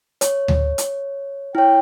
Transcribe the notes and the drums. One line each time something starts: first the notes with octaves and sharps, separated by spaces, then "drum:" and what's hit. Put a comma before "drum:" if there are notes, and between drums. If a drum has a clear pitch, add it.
C#5, drum: hi-hat
drum: tom D2
drum: hi-hat
E4 C#5 G5